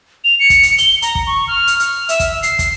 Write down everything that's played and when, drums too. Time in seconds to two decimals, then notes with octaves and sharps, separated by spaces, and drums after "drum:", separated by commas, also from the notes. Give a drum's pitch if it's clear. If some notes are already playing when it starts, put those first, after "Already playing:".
0.24 F7
0.40 C#7
0.50 drum: kick, hi-hat
0.63 drum: hi-hat
0.78 G7, drum: hi-hat
1.02 A#5, drum: hi-hat
1.15 drum: kick
1.27 C#6
1.48 F6
1.67 drum: hi-hat
1.80 F6, drum: hi-hat
2.09 E5, drum: hi-hat
2.20 drum: kick, hi-hat
2.43 C7, drum: hi-hat
2.59 drum: kick, hi-hat